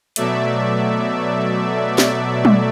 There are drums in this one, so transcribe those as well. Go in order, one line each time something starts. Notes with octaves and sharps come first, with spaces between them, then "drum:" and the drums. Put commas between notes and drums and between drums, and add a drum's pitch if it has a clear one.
B2 F#3 A3 D5 E5, drum: hi-hat
D5 E5, drum: snare
drum: tom